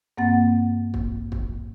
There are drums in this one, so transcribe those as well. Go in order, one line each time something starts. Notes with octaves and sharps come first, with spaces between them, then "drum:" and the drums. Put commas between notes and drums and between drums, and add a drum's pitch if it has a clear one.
G2 A#3 C4 F#5 A6
drum: kick
drum: kick